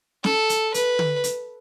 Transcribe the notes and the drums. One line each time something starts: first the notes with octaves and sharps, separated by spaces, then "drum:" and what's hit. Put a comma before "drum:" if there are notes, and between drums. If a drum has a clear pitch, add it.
A4, drum: snare
drum: hi-hat
B4, drum: hi-hat
drum: tom D3
drum: hi-hat